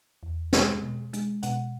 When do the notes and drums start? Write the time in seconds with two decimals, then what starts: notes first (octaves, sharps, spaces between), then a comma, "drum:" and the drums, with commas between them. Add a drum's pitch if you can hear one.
0.23 E2
0.53 G#3, drum: snare
0.82 B2
1.13 G#3, drum: hi-hat
1.43 B2 F#5, drum: hi-hat